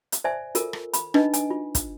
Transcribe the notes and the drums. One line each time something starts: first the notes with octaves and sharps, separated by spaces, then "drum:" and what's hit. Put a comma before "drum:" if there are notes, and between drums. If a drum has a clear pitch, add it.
drum: hi-hat
C5 D5 E5 G#5
F4 A4 A#4, drum: hi-hat
drum: rim click
B5, drum: hi-hat
D4 D#4 B4 D#5, drum: rim click
G#5, drum: hi-hat
F4
drum: kick, hi-hat